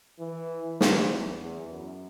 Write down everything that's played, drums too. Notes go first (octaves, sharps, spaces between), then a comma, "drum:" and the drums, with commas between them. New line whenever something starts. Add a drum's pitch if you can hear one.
E3
E2, drum: snare
E2
F#2